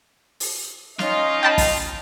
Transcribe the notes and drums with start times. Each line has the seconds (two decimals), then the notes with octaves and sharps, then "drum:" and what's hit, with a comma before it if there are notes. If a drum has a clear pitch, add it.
0.40 drum: open hi-hat
0.99 C#4 D#4 F4 D#5, drum: snare
1.43 G5 A5 B5
1.58 drum: kick, open hi-hat